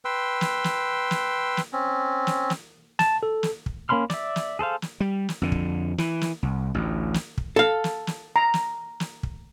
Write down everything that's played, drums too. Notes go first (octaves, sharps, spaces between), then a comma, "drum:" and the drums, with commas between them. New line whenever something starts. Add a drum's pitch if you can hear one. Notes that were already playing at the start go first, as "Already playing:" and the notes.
B4 G5 C6 E6
drum: snare
drum: snare
drum: snare
drum: snare
C4 C#4
drum: snare
drum: snare
A5, drum: snare
A4
drum: snare
drum: kick
A#3 C#4 B5 C6 F6
D5 E5, drum: snare
drum: snare
G#4 A4 C5 F5
drum: snare
G3
drum: snare
F2 D3
drum: kick
E3, drum: snare
drum: snare
C2
A1 D2
drum: snare
drum: kick
A4 F5
drum: snare
drum: snare
A#5
drum: snare
drum: snare
drum: kick